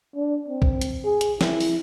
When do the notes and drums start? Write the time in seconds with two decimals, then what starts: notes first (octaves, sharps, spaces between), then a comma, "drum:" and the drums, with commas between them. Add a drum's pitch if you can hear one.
0.16 D4
0.48 C4
0.62 drum: kick B1
0.81 drum: hi-hat
1.05 G#4
1.21 drum: hi-hat
1.41 E4, drum: snare
1.60 drum: open hi-hat